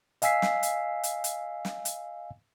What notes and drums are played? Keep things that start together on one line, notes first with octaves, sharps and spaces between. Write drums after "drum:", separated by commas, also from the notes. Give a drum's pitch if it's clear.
D#5 F5 G#5 E6 B6 C7, drum: hi-hat
drum: snare
drum: hi-hat
drum: hi-hat
drum: hi-hat
drum: snare
drum: hi-hat